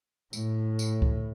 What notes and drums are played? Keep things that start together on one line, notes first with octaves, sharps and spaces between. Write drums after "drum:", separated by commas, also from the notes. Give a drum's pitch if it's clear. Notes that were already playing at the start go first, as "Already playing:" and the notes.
A2, drum: tambourine
drum: tambourine
drum: kick C#2